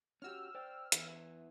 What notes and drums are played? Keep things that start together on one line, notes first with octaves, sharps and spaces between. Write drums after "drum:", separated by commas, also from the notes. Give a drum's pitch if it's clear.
C#4 F#4 G4 E6 F6
C5 D5 G5
E2 E3, drum: hi-hat